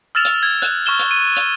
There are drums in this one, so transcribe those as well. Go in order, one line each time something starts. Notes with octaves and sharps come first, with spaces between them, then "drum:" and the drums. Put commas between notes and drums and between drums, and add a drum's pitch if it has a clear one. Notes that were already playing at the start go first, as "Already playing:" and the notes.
E6 F6 A6 E7 F7
drum: hi-hat
G#6
F#6 E7, drum: hi-hat
C#6 F6 E7 G7
drum: hi-hat
D#7
drum: hi-hat